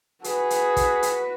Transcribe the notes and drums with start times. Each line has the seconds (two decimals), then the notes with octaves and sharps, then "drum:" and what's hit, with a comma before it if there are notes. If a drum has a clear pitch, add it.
0.24 F#4 G#4 B4, drum: hi-hat
0.50 drum: hi-hat
0.76 drum: kick, hi-hat
1.03 drum: hi-hat